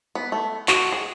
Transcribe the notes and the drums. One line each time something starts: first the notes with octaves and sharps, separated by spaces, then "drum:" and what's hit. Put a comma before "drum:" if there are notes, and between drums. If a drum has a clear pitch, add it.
B3
A3
F#4, drum: clap
G#4